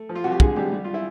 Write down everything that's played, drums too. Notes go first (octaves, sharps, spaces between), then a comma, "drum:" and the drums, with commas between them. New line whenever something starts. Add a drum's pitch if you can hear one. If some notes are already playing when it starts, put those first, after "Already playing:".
Already playing: A3
F3
F4
C2 F#4
G4
D3 G#3 G#4, drum: kick
G#1 G3 G4
G3
F4
E4